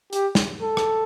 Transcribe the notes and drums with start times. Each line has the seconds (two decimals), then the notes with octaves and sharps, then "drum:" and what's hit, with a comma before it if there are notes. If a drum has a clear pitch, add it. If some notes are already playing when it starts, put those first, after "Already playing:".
0.13 G4, drum: hi-hat
0.35 drum: snare
0.62 A4
0.77 drum: rim click